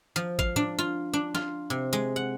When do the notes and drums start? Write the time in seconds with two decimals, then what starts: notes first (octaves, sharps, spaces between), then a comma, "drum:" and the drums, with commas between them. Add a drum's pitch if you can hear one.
0.16 F3
0.39 F5, drum: kick G#1
0.56 D4, drum: tom
0.79 F4
1.13 D4
1.35 F4, drum: snare
1.70 C3
1.93 G#3
2.16 F#5